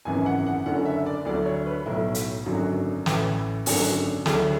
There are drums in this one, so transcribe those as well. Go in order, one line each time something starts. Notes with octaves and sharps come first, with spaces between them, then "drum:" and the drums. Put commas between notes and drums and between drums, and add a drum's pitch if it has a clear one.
G#1 F#2 C#3 E3 G#5
F#5
F#5
F#1 F#2 D3 F#5
E5
D5
D2 D3 F#3 D5
C#5
B4
B1 A2 F#3 E4
drum: hi-hat
G#1 F#2 D3 F#3 F#4
A1 A2 E3 E4, drum: snare
G#1 F#2 D3 F#3 F#4, drum: open hi-hat
D2 D3 F#3 G#4, drum: snare